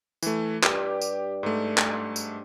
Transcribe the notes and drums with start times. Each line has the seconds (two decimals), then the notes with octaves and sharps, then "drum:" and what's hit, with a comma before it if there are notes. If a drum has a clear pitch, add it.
0.22 E3 A3, drum: tambourine
0.63 G2 G4 G5, drum: clap
1.02 drum: tambourine
1.43 G#2 A3
1.78 drum: clap
2.16 drum: tambourine